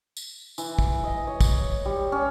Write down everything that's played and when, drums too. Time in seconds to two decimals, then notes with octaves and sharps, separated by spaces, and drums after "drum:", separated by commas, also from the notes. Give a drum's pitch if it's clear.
0.17 drum: tambourine
0.58 E3, drum: tambourine
0.79 drum: kick
1.04 D#5
1.27 C#5
1.41 drum: kick, tambourine
1.85 G3
2.12 C#4